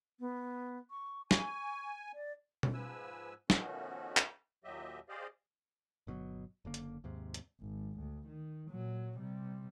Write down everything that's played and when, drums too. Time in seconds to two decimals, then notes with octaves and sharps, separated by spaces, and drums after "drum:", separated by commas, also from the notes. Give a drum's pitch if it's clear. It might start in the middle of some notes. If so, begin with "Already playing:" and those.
0.20 B3
0.91 C#6
1.31 G#5 C#6, drum: snare
2.14 D5
2.63 drum: tom B2
2.73 G#2 F3 B4 G#5 E6
3.50 B2 D#3 F3 A3 C#4 F#4, drum: snare
4.17 drum: clap
4.64 D#2 A#2 F#3 G4 D#5 E5
5.09 G4 G#4 C5 D5 D#5 F5
6.07 G1 B2 D3 F#3
6.65 F#1 D3 A#3
6.74 drum: hi-hat
7.04 D#2 G#2 C3
7.34 drum: hi-hat
7.61 G#1
7.99 D2
8.28 D#3
8.70 A#2 F#3
9.17 C3 G3